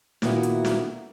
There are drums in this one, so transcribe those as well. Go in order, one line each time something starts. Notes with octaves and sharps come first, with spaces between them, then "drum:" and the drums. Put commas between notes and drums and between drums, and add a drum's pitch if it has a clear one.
A#2 D#3 B3 E4 F#4, drum: snare
drum: hi-hat
drum: snare